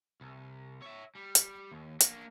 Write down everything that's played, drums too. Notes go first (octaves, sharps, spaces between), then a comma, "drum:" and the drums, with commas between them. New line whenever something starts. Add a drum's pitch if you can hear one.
C2
C#5 E5
G3
drum: hi-hat
D#2
A#3 D4, drum: hi-hat